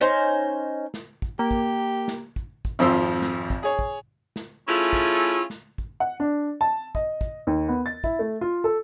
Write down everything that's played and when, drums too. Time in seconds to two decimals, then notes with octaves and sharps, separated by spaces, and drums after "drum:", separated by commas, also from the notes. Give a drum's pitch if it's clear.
0.01 C#4 D#4 C5 G#5
0.94 drum: snare
1.22 drum: kick
1.39 A#3 G4
1.51 drum: kick
2.08 drum: snare
2.36 drum: kick
2.65 drum: kick
2.79 G#1 F2 F3 C6 E6
3.22 drum: snare
3.50 drum: kick
3.63 G#4 C#5
3.79 drum: kick
4.36 drum: snare
4.68 A3 C#4 E4 F4 G#4
4.93 drum: kick
5.50 drum: snare
5.78 drum: kick
6.00 F#5
6.20 D4
6.61 A5
6.95 D#5, drum: kick
7.21 drum: kick
7.47 D#2
7.68 B3
7.86 A6
8.04 E4, drum: kick
8.19 A3
8.41 F4
8.64 A4